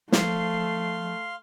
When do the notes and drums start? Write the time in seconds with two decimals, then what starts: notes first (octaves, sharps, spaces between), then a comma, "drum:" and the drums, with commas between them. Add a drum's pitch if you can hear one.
0.12 F3 A3 F5 C6, drum: snare